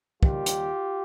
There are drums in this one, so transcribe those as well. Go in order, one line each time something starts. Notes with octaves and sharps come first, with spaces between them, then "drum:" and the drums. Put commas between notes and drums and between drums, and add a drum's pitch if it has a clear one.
D#2 D#3 G3 F4 G4, drum: kick
drum: hi-hat